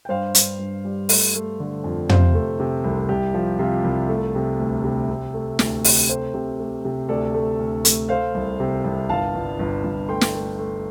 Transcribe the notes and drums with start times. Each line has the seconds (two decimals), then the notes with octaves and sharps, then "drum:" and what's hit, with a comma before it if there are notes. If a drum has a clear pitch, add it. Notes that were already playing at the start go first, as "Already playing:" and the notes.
0.05 G5
0.09 G2 C5 F5
0.35 G2, drum: hi-hat
0.59 G2
0.85 G3
1.09 A3, drum: open hi-hat
1.35 A3
1.60 D3
1.84 F2
2.09 C3 C5 F5, drum: tom
2.34 A3
2.60 C3
2.84 C2
3.09 C2 G4
3.34 F3
3.59 C3 F4
3.84 C2
4.09 A3
4.35 C3
4.59 D2
4.84 C3
5.10 C3
5.34 A3
5.59 D2 G4, drum: snare
5.84 C3, drum: open hi-hat
6.09 A3 G4 C5
6.34 C3
6.60 A3
6.85 C3
7.09 D2 A4 D5
7.34 A3
7.59 D2
7.85 A3, drum: hi-hat
8.09 A3 C5 F5
8.35 C2
8.60 C3
8.84 C2
9.09 G1 F5 A5
9.35 G1
9.59 G1
9.84 G1
10.09 A3 G5 C6
10.21 drum: snare
10.35 A3
10.59 A3